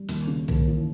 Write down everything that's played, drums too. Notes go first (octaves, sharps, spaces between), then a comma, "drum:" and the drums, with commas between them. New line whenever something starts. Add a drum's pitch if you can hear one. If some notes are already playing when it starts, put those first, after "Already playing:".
Already playing: G3
D#2, drum: hi-hat
C#3
D#2, drum: tom
E3